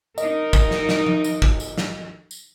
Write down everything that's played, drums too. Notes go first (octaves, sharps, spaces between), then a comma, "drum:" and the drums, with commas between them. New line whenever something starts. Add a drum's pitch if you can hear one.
D#4 A#4 D#5, drum: tambourine
drum: kick, tambourine
drum: snare
drum: snare
drum: tom F3
drum: tambourine
drum: kick
drum: tambourine
drum: snare
drum: tambourine